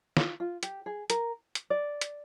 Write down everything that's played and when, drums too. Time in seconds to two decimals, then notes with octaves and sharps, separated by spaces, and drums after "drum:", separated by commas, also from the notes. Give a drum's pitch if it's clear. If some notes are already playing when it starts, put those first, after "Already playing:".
0.17 F4, drum: snare
0.40 F4
0.63 G4, drum: hi-hat
0.86 G#4
1.10 A#4, drum: hi-hat
1.55 drum: hi-hat
1.70 D5
2.01 drum: hi-hat